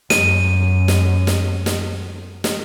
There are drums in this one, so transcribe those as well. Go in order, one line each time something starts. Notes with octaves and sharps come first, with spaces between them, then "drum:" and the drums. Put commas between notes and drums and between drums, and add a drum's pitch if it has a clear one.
F#2 D#7, drum: snare
drum: snare
drum: snare
drum: snare
drum: snare